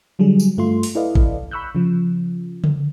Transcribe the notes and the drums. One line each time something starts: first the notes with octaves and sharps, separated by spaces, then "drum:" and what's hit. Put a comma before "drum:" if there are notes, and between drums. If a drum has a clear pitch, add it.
D3 F#3 G3 G#4
drum: tambourine
G2 A3 F4 C6
drum: open hi-hat
E4 A4 B4 D5 D#5 F5
drum: kick A1
B5 C#6 E6 F#6 G6
C#3 F3
drum: tom C#3